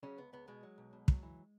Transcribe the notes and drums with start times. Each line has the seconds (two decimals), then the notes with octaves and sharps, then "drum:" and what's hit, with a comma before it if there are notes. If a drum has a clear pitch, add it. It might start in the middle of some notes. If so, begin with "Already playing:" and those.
0.03 C#3 F#3 C#4
0.18 C#2 B3
0.33 C#2 B3
0.48 B2 G#3
0.63 F#3
0.78 B1
0.93 B2
1.08 F#3, drum: kick
1.23 E3